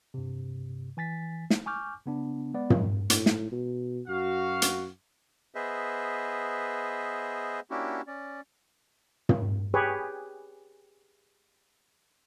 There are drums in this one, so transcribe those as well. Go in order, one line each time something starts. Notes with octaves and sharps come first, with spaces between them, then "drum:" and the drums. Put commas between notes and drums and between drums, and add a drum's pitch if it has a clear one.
G2 C3
E3 G#5 A6 B6
drum: snare
G#5 C#6 D6 F6 G6
C#3 B3 D4
G#3 B3 D5
F#2 A#2 F3 F#3 G#3, drum: tom
A2, drum: hi-hat
drum: snare
B2
F#2 F#4 F5
drum: hi-hat
B3 G#4 B4 C5 D#5 E5
A#3 C#4 D4 E4 F#4 G4
C#4 D5
drum: tom
G4 G#4 B4 C#5